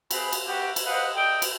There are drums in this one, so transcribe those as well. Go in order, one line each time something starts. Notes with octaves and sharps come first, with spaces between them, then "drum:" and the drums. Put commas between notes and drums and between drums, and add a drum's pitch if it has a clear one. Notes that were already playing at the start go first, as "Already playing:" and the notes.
C4 G#4 B4 B5, drum: cymbal
drum: cymbal
B3 F#4 G4
drum: cymbal
B4 C5 D#5 F5 F#5
A4 D5 D#5 G5
drum: cymbal